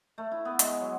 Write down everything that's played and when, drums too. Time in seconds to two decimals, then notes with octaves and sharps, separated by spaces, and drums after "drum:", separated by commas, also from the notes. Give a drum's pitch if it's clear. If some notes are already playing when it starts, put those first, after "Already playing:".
0.18 A3
0.31 E4
0.45 B3
0.59 G#3, drum: hi-hat
0.80 F#3